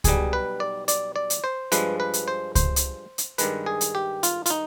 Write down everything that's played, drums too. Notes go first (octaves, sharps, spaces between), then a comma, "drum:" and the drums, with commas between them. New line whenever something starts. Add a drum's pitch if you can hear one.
B1 B2 G3 G#4, drum: kick C#2, hi-hat
B4
D5
D5, drum: hi-hat
D5
drum: hi-hat
C5
G2 F3 G#3 B4, drum: hi-hat
B4
drum: hi-hat
C5
C5, drum: kick C#2, hi-hat
drum: hi-hat
drum: hi-hat
G2 D#3 G#3 B4, drum: hi-hat
G#4
drum: hi-hat
G4
F4, drum: hi-hat
F4, drum: hi-hat
D#4